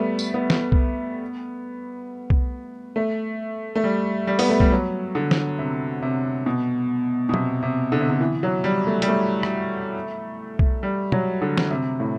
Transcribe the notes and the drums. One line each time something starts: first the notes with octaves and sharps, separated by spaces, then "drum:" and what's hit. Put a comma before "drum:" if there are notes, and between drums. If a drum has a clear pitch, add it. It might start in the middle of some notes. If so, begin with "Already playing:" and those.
Already playing: G3 A3 B3
drum: tambourine
B3
drum: snare
drum: kick B1
drum: kick B1
A3
A3
G3
G3
B3, drum: open hi-hat
A3
G3, drum: kick B1
F#3
D3
drum: snare
C3
C3
B2
B2
C3, drum: tom
C3
D3
C3
D3
E3
F#3
G3
A3
G3, drum: hi-hat
A3
drum: rim click
drum: kick B1
G3
F#3, drum: tom
D3
drum: snare
C3
A2